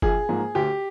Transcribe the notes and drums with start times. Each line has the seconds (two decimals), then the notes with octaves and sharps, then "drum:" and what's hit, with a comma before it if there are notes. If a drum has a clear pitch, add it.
0.02 A#1 G#4, drum: kick F#1
0.29 G#2 F3 A#3
0.55 D2 G4